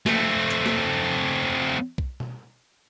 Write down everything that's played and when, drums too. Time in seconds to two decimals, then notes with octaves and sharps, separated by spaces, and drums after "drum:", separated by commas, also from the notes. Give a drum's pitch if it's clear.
0.06 A3 C4, drum: snare
0.50 drum: hi-hat
0.66 drum: snare
1.98 drum: kick B1
2.20 drum: tom B2